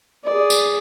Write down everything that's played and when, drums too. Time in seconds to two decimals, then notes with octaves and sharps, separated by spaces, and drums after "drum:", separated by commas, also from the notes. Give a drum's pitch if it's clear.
0.25 G#4 D5
0.50 drum: tambourine